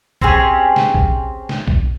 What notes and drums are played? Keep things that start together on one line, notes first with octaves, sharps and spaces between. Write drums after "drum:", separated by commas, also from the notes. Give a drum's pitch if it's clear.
C4 C#4 G4 G#4, drum: kick A#1
drum: snare
drum: kick A#1
drum: snare
drum: kick A#1